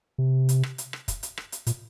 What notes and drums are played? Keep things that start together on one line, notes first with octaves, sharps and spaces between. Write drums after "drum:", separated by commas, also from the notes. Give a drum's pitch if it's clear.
C3
drum: hi-hat
drum: rim click
drum: hi-hat
drum: rim click
drum: kick, hi-hat
drum: hi-hat
drum: rim click
drum: hi-hat
A#2, drum: hi-hat